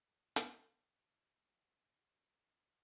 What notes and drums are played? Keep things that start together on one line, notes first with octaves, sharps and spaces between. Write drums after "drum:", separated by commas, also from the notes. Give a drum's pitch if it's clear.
drum: hi-hat
C#3
A2 D3 C#4
B1 D#3 A#3